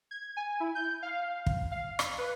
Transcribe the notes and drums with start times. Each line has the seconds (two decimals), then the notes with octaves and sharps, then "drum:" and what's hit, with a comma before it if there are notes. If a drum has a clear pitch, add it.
0.11 G#6
0.37 G#5
0.60 E4
0.75 G6
1.03 F5
1.46 drum: kick
1.71 F5
1.99 drum: rim click
2.18 B4